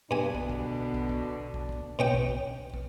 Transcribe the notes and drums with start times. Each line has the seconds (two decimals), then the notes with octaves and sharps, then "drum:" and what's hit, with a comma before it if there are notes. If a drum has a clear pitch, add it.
0.11 G2 B2 D3 D4 G#5
0.35 drum: kick
0.50 drum: kick
0.94 drum: kick
1.09 drum: kick
1.54 drum: kick
1.69 drum: kick
1.99 B2 C#4 G5
2.14 drum: kick
2.29 drum: kick
2.74 drum: kick